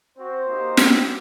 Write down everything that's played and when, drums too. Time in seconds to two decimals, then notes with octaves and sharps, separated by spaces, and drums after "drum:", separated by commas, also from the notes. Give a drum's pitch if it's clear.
0.17 C4 F#4 C5
0.47 A#3 D#4 G4
0.77 C4 G4, drum: snare